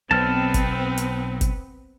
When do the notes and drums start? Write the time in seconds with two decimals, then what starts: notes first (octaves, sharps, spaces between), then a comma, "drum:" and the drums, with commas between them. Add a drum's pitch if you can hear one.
0.11 B1 B3 C4 A5 F6
0.54 drum: kick G1, hi-hat
0.98 drum: hi-hat
1.41 drum: kick G1, hi-hat